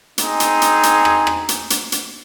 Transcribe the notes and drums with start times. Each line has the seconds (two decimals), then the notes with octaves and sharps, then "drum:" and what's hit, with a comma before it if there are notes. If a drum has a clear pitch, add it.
0.18 C4 D#4 G#4, drum: hi-hat
0.40 drum: hi-hat
0.62 drum: hi-hat
0.83 drum: hi-hat
1.05 drum: rim click
1.27 drum: rim click
1.49 drum: hi-hat
1.70 drum: hi-hat
1.92 drum: hi-hat